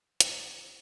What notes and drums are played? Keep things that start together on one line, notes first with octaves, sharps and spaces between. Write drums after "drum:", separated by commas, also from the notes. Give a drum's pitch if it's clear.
F3 C#4 G#4 A#5 E6, drum: hi-hat